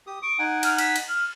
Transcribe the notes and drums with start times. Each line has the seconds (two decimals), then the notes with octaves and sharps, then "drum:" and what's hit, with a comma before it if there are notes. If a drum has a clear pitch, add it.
0.07 G4 D#6
0.22 C#6 D#6 D7
0.39 D#4 F#5 G#5
0.63 F6, drum: cymbal
0.78 B6, drum: cymbal
0.96 drum: cymbal
1.08 F6